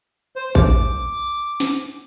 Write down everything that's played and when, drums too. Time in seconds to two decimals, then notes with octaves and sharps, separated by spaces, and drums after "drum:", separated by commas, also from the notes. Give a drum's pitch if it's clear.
0.36 C5
0.55 D6, drum: kick A#1
1.60 drum: snare